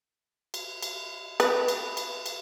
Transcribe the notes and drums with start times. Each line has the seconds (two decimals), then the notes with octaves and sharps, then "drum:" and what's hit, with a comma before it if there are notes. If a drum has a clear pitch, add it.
0.54 drum: cymbal
0.82 drum: cymbal
1.40 B4, drum: cymbal
1.68 drum: cymbal
1.97 drum: cymbal
2.26 drum: cymbal